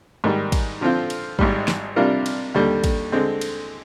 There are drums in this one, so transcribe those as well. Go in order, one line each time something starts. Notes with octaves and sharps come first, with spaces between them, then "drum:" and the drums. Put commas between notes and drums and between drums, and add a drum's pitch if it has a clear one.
G#2 D#3 G3
drum: kick, cymbal
D3 F3 C4 F4
drum: cymbal
G#1 G#2 G3, drum: kick
drum: snare
C3 G3 D4 F4 A#4
drum: cymbal
D#2 D3 G3
drum: kick, cymbal
D3 G#3 C4
drum: cymbal